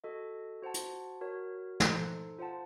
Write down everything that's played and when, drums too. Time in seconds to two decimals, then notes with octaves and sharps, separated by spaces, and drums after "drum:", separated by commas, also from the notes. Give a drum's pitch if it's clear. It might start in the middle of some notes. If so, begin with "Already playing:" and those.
0.04 F#4 A4 D#5
0.62 F#4 C5 F#5 A5
0.74 drum: hi-hat
1.21 F#4 A#4 C#5
1.80 D#4 A4 C5, drum: snare
2.39 F4 C5 F#5 A5